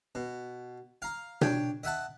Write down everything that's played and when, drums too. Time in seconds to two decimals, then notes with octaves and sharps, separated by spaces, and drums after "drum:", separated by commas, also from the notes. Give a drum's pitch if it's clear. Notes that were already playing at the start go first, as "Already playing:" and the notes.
0.15 B2
1.02 F5 A#5
1.41 D4 C#5 G5, drum: tom B2
1.83 D#5 E5 F#5 A5